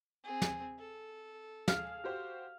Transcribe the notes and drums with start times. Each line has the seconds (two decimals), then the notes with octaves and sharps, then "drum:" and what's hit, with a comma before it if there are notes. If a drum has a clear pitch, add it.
0.24 C4 G#4
0.42 drum: snare
0.78 A4
1.68 G#4 F5 F6, drum: snare
2.04 F#4 G4 C5